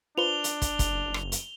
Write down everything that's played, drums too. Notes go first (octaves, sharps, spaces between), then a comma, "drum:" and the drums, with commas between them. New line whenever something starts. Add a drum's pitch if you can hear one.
D4 F4 B4 C5 F7 G7
drum: hi-hat
drum: kick, hi-hat
F#1, drum: kick, hi-hat
drum: rim click
drum: hi-hat